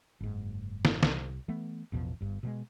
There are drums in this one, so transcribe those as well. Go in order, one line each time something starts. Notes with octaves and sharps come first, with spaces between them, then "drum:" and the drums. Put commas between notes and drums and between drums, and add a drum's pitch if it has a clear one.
F#1 G#2
drum: snare
C2, drum: snare
E3 A3 B3
A1 E2 B2 F3
G1 G2
B2 F#3 G#3